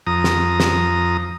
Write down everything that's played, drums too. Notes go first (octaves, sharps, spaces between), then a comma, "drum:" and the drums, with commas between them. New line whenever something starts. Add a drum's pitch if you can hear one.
F2 A#5 D#6
drum: snare
drum: snare